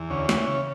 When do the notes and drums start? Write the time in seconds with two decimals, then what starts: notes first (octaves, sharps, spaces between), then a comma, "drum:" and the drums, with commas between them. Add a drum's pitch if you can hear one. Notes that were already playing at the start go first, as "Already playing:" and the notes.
Already playing: E2
0.10 D2 C#4
0.29 E3, drum: snare
0.47 C#3